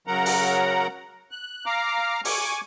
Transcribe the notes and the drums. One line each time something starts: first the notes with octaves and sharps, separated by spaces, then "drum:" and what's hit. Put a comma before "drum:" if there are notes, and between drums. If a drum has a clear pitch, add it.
C#3 F#3 A#4 F#5 A#5
drum: open hi-hat
F#6
F5 A#5 D6 F6
G#5 C#6 D6, drum: open hi-hat